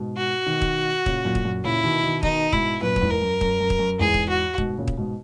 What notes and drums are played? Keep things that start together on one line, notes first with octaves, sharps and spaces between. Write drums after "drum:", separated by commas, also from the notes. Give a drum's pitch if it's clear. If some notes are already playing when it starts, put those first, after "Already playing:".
Already playing: G#2 B2
F#4
B2 D#3
drum: kick
A#2 C#3, drum: kick
F#2 A#2
drum: kick
F#2 A#2
A#2 C#3 E4
B2 D#3
B2 D#3
B2 D#3 D#4, drum: kick
G#2 B2 E4, drum: kick
F#2 A#2 B4
F#2, drum: kick
E2 G#2
A#4
F#2
F#2, drum: kick
F#2
drum: kick
F#2
E2 G#2 G#4
drum: kick
F#4
G#2 B2, drum: kick
A#2 C#3
drum: kick
G#2 B2